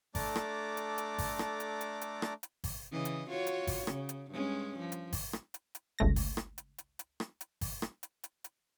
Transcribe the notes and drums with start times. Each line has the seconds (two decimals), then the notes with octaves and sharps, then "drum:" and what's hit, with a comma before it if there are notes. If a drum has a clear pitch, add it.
0.15 A3 D4 A4 D5 A#5 D6, drum: kick G#1, open hi-hat
0.36 drum: rim click
0.77 drum: hi-hat
0.98 drum: hi-hat
1.18 drum: kick G#1, open hi-hat
1.39 drum: rim click
1.60 drum: hi-hat
1.81 drum: hi-hat
2.01 drum: hi-hat
2.22 drum: rim click
2.43 drum: hi-hat
2.64 drum: kick G#1, open hi-hat
2.91 C#3 E3 D#5
3.05 drum: hi-hat
3.29 F4 F#4 C#5
3.47 drum: hi-hat
3.67 drum: kick G#1, open hi-hat
3.87 C#3, drum: rim click
4.09 drum: hi-hat
4.31 G2 G#3 C#4
4.79 F3
4.92 drum: hi-hat
5.13 drum: kick G#1, open hi-hat
5.33 drum: rim click
5.54 drum: hi-hat
5.75 drum: hi-hat
5.99 G1 C#2 A3 A#6
6.16 drum: kick G#1, open hi-hat
6.37 drum: rim click
6.58 drum: hi-hat
6.78 drum: hi-hat
6.99 drum: hi-hat
7.20 drum: rim click
7.41 drum: hi-hat
7.61 drum: kick G#1, open hi-hat
7.82 drum: rim click
8.03 drum: hi-hat
8.24 drum: hi-hat
8.44 drum: hi-hat